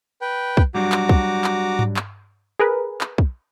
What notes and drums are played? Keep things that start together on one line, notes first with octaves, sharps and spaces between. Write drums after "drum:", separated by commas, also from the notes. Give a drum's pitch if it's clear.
B4 G5
drum: kick
F#3 G3 D4 F#4 A#5 D6
drum: clap
drum: kick
drum: clap
drum: tom G#2
drum: clap
G#4 A#4 B4
drum: clap
drum: kick